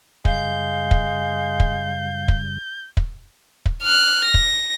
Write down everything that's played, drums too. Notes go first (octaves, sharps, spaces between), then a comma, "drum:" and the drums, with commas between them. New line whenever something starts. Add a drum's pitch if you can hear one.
F#2 C#3 G3 G#3 F5 G6, drum: kick
drum: kick
drum: kick
drum: kick
drum: kick
drum: kick
F6 F#6
A#6
drum: kick